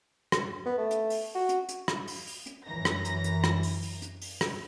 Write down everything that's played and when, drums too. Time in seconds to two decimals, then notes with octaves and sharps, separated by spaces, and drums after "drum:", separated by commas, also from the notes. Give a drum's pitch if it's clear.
0.32 drum: rim click
0.66 B3
0.78 A3
0.91 drum: hi-hat
1.10 drum: open hi-hat
1.35 F#4
1.49 drum: hi-hat
1.69 drum: hi-hat
1.88 drum: rim click
2.07 drum: open hi-hat
2.27 drum: open hi-hat
2.46 drum: hi-hat
2.66 F#2 E3 A#5 A#6
2.85 drum: rim click
3.05 drum: hi-hat
3.24 drum: hi-hat
3.44 drum: rim click
3.63 drum: open hi-hat
3.83 drum: open hi-hat
4.02 drum: hi-hat
4.22 drum: open hi-hat
4.41 drum: rim click